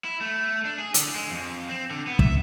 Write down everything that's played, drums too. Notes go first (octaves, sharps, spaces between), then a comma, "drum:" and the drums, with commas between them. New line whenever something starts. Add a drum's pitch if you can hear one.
E4
A3
D4
G#4
D3, drum: hi-hat
G#3
F2
C4
D3
B3
E5, drum: kick